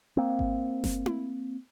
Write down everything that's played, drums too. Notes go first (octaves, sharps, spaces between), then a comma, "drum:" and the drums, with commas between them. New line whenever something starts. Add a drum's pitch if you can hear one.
A#3 C4
drum: kick G#1
drum: snare F#1
drum: tom E4